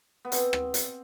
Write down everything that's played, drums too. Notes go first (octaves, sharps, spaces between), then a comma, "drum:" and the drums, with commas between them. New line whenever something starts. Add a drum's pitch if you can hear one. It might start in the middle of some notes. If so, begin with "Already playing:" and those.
B3
C4, drum: hi-hat
drum: rim click
drum: hi-hat